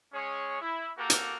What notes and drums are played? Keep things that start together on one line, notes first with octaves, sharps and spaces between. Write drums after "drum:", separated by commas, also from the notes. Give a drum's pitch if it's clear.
G#3 C#4 G#4 C#5
E4
A#3 F#4 G4 A4 A#4
drum: hi-hat